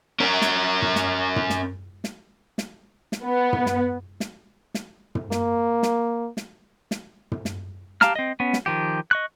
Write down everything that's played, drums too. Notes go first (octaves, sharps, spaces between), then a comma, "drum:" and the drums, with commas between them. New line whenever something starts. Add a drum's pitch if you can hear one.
C#4 A#4
drum: snare
drum: tom
drum: snare
drum: tom
drum: snare
drum: snare
drum: snare
drum: snare
B3
drum: tom
drum: snare
drum: snare
drum: snare
drum: tom
A#3, drum: snare
drum: snare
drum: snare
drum: snare
drum: tom
drum: snare
G4 F5 A5 A#5 F6, drum: snare
C4 D#5
B3 C#4
drum: snare
D#3 F3 G4
D#5 C#6 F#6